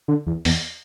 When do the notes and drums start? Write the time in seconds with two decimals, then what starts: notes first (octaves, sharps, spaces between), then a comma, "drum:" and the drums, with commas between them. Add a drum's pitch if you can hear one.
0.08 D3
0.27 E2
0.45 E2, drum: open hi-hat